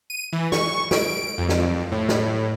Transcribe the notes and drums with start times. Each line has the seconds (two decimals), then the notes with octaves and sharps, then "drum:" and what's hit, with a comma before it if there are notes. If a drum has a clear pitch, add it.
0.10 D#7
0.33 E3
0.52 C#6, drum: snare
0.91 D7, drum: snare
1.38 F2
1.49 drum: snare
1.92 A2
2.09 drum: snare